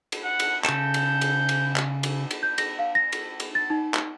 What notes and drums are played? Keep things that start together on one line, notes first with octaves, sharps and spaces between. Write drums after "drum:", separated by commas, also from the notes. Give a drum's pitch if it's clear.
drum: cymbal
F#5
drum: cymbal
C#3 A4 G6, drum: clap
drum: cymbal
drum: cymbal
drum: cymbal
drum: clap
drum: cymbal
drum: cymbal
G6
A#6, drum: cymbal
F5
A#6
drum: cymbal
drum: cymbal
A6
D#4
drum: clap